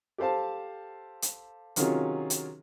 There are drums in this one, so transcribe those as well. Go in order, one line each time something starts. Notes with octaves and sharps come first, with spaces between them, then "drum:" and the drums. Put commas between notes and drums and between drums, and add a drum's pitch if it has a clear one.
G4 A4 C5 F5 A5
drum: hi-hat
C3 D#3 F#3 C#4 F4 G#4, drum: hi-hat
drum: hi-hat